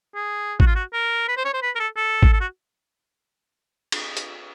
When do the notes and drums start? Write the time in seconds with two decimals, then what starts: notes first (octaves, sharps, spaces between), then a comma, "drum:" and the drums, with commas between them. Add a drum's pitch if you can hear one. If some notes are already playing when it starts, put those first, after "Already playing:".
0.15 G#4
0.60 F#4, drum: kick
0.67 F4
0.75 F#4
0.93 A#4
1.28 B4
1.37 C5
1.45 C#5
1.53 C5
1.62 B4
1.76 A#4
1.79 A4
1.97 A4
2.23 drum: kick
2.33 A4
2.40 F#4
3.92 drum: cymbal
4.17 drum: hi-hat